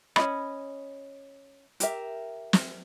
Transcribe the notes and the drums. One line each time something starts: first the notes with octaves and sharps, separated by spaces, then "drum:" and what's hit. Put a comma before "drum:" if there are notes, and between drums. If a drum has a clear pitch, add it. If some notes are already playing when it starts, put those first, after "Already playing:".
C#4 F4 D#5 B5, drum: rim click
G4 A#4 E5, drum: hi-hat
drum: snare